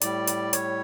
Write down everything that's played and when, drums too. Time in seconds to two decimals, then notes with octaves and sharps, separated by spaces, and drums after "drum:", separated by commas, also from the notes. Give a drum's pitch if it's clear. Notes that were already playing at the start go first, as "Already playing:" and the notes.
0.01 A2 G3 D5, drum: hi-hat
0.27 drum: hi-hat
0.53 C#5, drum: hi-hat